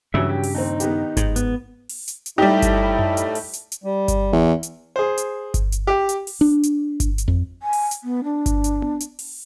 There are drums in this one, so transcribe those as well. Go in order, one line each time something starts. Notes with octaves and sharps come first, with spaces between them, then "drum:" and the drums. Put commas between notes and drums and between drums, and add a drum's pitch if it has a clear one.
G2 C#3 E3 F#3 E5
G4
drum: open hi-hat
D#2 C4 D#4
D#3 B3 G4, drum: hi-hat
G#2, drum: kick G1, hi-hat
B3, drum: hi-hat
drum: open hi-hat
drum: hi-hat
drum: hi-hat
A2 G3 A3 D#4 E4 G4
drum: kick G1, hi-hat
drum: tom F#2
drum: hi-hat
drum: open hi-hat
drum: hi-hat
drum: hi-hat
G3
drum: kick G1, hi-hat
E2
drum: hi-hat
G#4 C5
drum: hi-hat
drum: kick G1, hi-hat
drum: hi-hat
G4
drum: hi-hat
drum: open hi-hat
D4
drum: hi-hat
drum: kick G1, hi-hat
drum: hi-hat
F2
G#5
drum: open hi-hat
drum: hi-hat
B3
D4
drum: kick G1, hi-hat
drum: hi-hat
drum: tom B3
drum: hi-hat
drum: open hi-hat